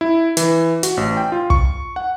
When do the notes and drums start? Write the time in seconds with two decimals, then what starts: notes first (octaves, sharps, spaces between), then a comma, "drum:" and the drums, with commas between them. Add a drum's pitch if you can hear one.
0.01 E4
0.37 E3, drum: hi-hat
0.83 F#4, drum: hi-hat
0.97 A1
1.17 G5
1.32 F4
1.50 C#6, drum: kick
1.96 F#5